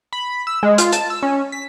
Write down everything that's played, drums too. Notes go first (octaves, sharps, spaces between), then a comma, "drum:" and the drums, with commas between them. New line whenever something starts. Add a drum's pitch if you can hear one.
B5
E6
G#3
F4, drum: hi-hat
A5, drum: hi-hat
E6
C#4
B6